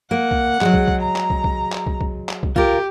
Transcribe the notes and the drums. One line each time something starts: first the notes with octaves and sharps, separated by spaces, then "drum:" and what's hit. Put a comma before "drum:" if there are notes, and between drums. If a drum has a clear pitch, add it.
A#3 F#5
drum: kick
F#3 G#3, drum: clap
drum: kick
drum: kick
A#5
drum: clap
drum: kick
drum: kick
drum: clap
drum: kick
drum: kick
drum: clap
drum: kick
F4 G4 A#4, drum: kick